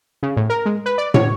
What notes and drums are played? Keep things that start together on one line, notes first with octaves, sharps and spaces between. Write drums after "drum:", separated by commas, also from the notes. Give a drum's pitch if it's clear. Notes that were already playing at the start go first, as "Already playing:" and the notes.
C#3
A2
A#4
G#3
B4
D5
C#5, drum: tom